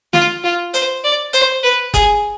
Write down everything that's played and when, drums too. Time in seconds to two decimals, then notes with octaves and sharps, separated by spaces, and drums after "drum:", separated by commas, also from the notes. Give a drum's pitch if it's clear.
0.13 F4, drum: snare
0.44 F4
0.74 C5, drum: hi-hat
1.04 D5
1.33 C5, drum: hi-hat
1.63 B4
1.94 G#4, drum: kick F#1, hi-hat